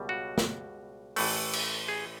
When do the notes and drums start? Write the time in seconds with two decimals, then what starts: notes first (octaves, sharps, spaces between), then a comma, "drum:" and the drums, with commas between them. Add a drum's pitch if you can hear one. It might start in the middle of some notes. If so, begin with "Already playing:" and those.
Already playing: C#2 B2 G3
0.09 F#4
0.38 drum: snare
1.16 A1 A2 E3 A3, drum: open hi-hat
1.53 drum: cymbal
1.88 G#4